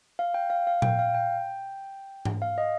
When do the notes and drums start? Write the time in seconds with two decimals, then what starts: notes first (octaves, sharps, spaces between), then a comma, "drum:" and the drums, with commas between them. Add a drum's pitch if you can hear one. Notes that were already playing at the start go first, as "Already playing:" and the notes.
0.19 F5
0.34 G5
0.50 F5
0.67 F5
0.82 G5, drum: tom A#2
0.99 F5
1.15 G5
2.25 drum: tom G#2
2.42 F5
2.58 D#5